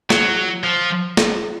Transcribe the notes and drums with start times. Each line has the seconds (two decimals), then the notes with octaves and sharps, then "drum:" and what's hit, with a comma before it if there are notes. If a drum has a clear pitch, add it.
0.10 F#3, drum: snare
0.64 F3
1.17 drum: snare